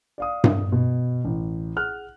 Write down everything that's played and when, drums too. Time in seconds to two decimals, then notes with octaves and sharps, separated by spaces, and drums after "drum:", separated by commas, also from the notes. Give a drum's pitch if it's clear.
0.18 D5 F5 D#6
0.44 drum: tom G2
0.72 B2
1.25 A1
1.76 G#4 F#5 F6 F#6